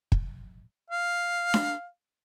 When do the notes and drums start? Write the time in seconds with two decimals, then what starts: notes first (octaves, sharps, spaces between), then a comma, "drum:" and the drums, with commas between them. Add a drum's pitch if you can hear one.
0.12 drum: kick
0.90 F5
1.54 drum: snare D4